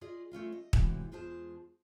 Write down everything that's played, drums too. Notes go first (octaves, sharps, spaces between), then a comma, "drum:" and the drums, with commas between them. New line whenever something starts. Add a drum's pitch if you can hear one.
F4 G#4 D5 D#5
A3 C#4 F4 F5
D#5
A2 C3 E3 F#3 G#3, drum: kick
E2 G#3 F4 G#4 C5 A5